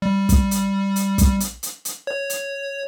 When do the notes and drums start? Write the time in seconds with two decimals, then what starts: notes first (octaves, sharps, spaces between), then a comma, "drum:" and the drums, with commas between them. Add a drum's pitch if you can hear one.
0.02 G3
0.29 drum: kick, hi-hat
0.51 drum: hi-hat
0.96 drum: hi-hat
1.18 drum: kick, hi-hat
1.40 drum: hi-hat
1.63 drum: hi-hat
1.85 drum: hi-hat
2.07 C#5
2.30 drum: hi-hat